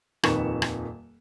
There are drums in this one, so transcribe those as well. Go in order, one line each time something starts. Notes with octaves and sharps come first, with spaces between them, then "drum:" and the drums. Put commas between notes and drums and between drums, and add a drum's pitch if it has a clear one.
D#1 F2 D#3 B4 C#6 E7, drum: rim click
drum: rim click